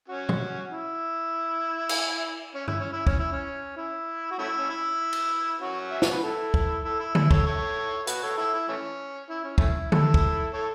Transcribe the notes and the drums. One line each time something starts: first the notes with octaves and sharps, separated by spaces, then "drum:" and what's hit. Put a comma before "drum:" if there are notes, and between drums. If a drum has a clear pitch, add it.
C#4 F#4
drum: tom A#2
E4
drum: cymbal
C#4
E4, drum: tom G2
C#4
E4
C#4, drum: kick
E4
C#4
E4
F#4
A3 C#4 E4
C#4
E4
drum: cymbal
C#4 F#4
E5
C#5, drum: snare
B4
E4 A4
drum: kick
E4 A4
E4
E4, drum: tom D3
A4 C#5, drum: kick
A4 C#5
F#4 B4, drum: hi-hat
A4 C#5
E4 A4
E4
E3 A3 C#4
E4
C#4
A3 C#4 E4, drum: kick
E4 A4, drum: tom D3
drum: kick
A4 C#5